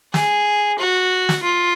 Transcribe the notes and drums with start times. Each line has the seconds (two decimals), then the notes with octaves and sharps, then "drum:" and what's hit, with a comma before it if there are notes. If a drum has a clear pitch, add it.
0.14 G#4, drum: snare
0.79 F#4
1.29 drum: snare
1.43 F4